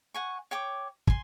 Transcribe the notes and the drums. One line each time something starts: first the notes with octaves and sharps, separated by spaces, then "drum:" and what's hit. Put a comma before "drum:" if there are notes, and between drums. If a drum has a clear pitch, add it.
F#5 G#5 C#6
C#5 G5 D6
G#5 C6, drum: kick